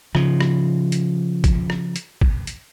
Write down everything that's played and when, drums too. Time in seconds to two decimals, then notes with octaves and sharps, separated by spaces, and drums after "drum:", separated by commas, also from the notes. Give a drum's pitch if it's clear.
0.15 C#3 F3, drum: rim click
0.41 drum: rim click
0.92 drum: hi-hat
1.44 drum: kick, hi-hat
1.70 drum: rim click
1.96 drum: hi-hat
2.21 drum: kick
2.47 drum: hi-hat